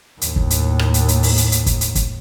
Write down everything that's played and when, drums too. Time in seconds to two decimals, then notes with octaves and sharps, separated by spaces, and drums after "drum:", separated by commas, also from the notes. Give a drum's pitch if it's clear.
0.21 D#2 A2, drum: hi-hat
0.36 drum: kick
0.50 drum: hi-hat
0.79 drum: rim click
0.94 drum: hi-hat
1.08 drum: hi-hat
1.23 drum: open hi-hat
1.37 drum: hi-hat
1.52 drum: hi-hat
1.66 drum: kick, hi-hat
1.81 drum: hi-hat
1.95 drum: kick, hi-hat